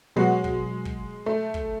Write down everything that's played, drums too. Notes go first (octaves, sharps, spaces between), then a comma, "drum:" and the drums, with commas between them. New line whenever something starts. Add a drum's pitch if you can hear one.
B2 F#3 G#3 B3 F#4
drum: kick
drum: kick
A3
drum: kick